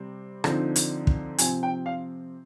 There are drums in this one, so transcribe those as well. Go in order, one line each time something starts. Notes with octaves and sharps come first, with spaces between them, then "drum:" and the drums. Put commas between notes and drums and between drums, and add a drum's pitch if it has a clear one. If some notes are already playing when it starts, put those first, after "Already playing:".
Already playing: C3 G3 C4
D3 F3 C4 D#4, drum: rim click
drum: hi-hat
drum: kick
C3 F3 C4 G#5, drum: hi-hat
G5
F5